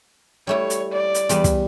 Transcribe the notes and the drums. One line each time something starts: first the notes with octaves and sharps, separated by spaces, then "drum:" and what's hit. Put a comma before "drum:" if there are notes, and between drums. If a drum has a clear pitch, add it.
G3 A3 E4 C#5
drum: hi-hat
D5
drum: hi-hat
E2 G3 B4, drum: hi-hat
drum: kick, hi-hat